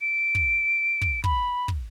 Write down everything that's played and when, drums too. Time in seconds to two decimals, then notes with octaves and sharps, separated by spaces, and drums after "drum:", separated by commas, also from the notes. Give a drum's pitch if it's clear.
0.01 D7
0.35 drum: kick
1.01 drum: kick
1.24 B5, drum: kick
1.68 drum: kick